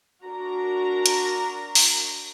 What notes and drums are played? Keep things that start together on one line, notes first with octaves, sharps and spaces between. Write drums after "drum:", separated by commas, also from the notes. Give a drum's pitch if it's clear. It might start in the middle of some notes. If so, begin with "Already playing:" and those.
D4 F#4 A#4 A#5
drum: hi-hat
drum: open hi-hat